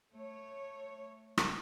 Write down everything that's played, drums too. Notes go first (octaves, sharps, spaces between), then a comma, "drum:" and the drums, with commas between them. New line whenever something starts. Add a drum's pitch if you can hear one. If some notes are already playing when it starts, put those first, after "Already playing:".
A3 C#5
drum: rim click